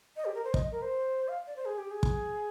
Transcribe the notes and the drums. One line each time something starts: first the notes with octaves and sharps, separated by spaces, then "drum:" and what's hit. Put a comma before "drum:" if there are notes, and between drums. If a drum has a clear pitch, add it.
D#5
G4
A#4
C5
D#5, drum: kick
A#4
C5
F5
D5
C5
G#4
G4
G#4
drum: kick